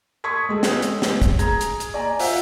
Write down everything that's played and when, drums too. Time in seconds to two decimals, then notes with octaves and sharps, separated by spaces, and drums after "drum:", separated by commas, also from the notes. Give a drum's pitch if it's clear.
0.24 C6 C#6 D#6 G#6 B6
0.49 G#3 G#4 A4
0.63 drum: snare
0.82 drum: hi-hat
1.02 drum: snare
1.22 drum: kick, hi-hat
1.39 G#4 A#5 G#6, drum: hi-hat
1.61 drum: hi-hat
1.80 drum: hi-hat
1.94 D5 G#5 A#5
2.19 F4 C5 E5 F#5, drum: open hi-hat